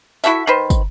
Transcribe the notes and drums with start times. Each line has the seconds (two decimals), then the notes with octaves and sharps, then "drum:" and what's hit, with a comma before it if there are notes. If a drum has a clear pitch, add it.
0.24 E4 F#4 A4 E5, drum: tambourine
0.47 D#3 B4 C5
0.70 drum: kick, tambourine